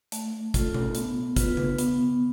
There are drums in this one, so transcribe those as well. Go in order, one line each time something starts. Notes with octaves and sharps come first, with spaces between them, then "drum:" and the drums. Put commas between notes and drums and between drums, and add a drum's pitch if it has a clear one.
A3, drum: hi-hat
F4 A4, drum: kick, hi-hat
drum: tom B2
B3, drum: hi-hat
F4 B4, drum: kick, hi-hat
drum: tom C#3
B3, drum: hi-hat